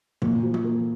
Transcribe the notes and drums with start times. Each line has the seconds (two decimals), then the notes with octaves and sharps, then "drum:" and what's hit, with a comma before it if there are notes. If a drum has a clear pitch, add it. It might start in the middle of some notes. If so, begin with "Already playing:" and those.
0.22 A#2, drum: tom E3
0.43 F3
0.54 drum: tom E3
0.64 A#3